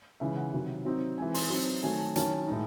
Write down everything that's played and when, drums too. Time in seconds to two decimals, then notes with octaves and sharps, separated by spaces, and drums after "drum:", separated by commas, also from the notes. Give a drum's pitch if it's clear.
0.20 C#3 E3 G#3 D#4 E5
0.36 F#5
0.53 C3 D#3 F#3
0.85 F#3 C4 D#4
1.18 E3 G#3 C4 G#5
1.34 C6, drum: open hi-hat
1.50 F#3 C4 D#4 C6
1.83 D#3 F#3 A3 G#5
1.98 A5
2.16 D#3 F#3 C#4 E4 A5, drum: hi-hat
2.31 A5
2.47 A2 G#3 D#4